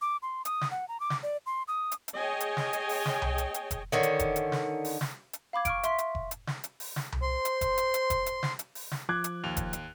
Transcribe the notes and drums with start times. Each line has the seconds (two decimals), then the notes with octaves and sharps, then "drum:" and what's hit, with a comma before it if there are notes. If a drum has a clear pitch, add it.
0.01 D6
0.22 C6
0.45 D#6, drum: hi-hat
0.61 drum: snare
0.71 F#5
0.88 A#5
1.00 D6
1.10 drum: snare
1.23 D5
1.46 C6
1.68 D#6
1.92 drum: hi-hat
2.08 drum: hi-hat
2.17 G#4 C#5 D#5 G5 G#5
2.40 drum: hi-hat
2.57 drum: snare
2.73 drum: hi-hat
2.89 drum: open hi-hat
3.06 drum: snare
3.22 drum: tom C2
3.38 drum: hi-hat
3.54 drum: hi-hat
3.71 drum: kick F1, hi-hat
3.92 D3 D#3 C#4
4.03 drum: hi-hat
4.19 drum: kick F1, hi-hat
4.36 drum: hi-hat
4.52 drum: snare
4.85 drum: open hi-hat
5.01 drum: snare
5.33 drum: hi-hat
5.53 F5 B5 D6 G#6
5.65 C#6 F6 D7, drum: kick F1, hi-hat
5.83 E5 C6 B6, drum: hi-hat
5.98 drum: hi-hat
6.15 drum: kick F1
6.31 drum: hi-hat
6.47 drum: snare
6.64 drum: hi-hat
6.80 drum: open hi-hat
6.96 drum: snare
7.12 drum: tom C2
7.22 C5 C6
7.45 drum: hi-hat
7.61 drum: kick F1, hi-hat
7.78 drum: hi-hat
7.94 drum: hi-hat
8.10 drum: kick F1, hi-hat
8.26 drum: hi-hat
8.43 drum: snare
8.59 drum: hi-hat
8.75 drum: open hi-hat
8.91 drum: snare
9.09 F3 D6 F#6 G#6
9.24 drum: hi-hat
9.44 D#2 F7
9.57 drum: kick F1, hi-hat
9.73 drum: hi-hat